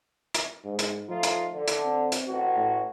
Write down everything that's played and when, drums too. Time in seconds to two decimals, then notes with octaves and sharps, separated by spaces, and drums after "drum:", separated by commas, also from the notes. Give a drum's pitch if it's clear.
0.34 drum: hi-hat
0.65 G#2
0.79 drum: hi-hat
1.09 F3 A3 D#4 F4
1.23 drum: hi-hat
1.53 D3
1.68 drum: hi-hat
1.85 C4
2.12 drum: hi-hat
2.27 A1 F#4
2.56 A2